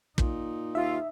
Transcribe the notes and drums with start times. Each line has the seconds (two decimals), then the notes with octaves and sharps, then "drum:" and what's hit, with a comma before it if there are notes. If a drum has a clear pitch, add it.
0.18 A#2 D#4, drum: kick
0.75 D#2 F4 E5